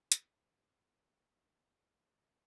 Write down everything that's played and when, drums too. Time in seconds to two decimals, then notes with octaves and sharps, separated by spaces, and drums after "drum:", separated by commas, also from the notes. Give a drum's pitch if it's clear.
0.12 B2 G3 D4, drum: hi-hat